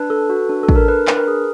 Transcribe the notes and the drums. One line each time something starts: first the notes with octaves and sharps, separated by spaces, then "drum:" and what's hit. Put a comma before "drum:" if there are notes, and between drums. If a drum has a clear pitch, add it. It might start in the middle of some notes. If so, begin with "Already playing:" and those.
Already playing: D4 B4
A4
F#4
D4
A4
D4, drum: kick
A#4
D4 B4
D4 B4, drum: clap
A#4
G#4